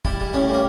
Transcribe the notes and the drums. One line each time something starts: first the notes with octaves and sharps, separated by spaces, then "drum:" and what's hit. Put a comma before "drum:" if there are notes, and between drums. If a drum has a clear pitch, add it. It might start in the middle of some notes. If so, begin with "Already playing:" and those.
G3 E4, drum: kick
G3
A2 C#4
G3
A#3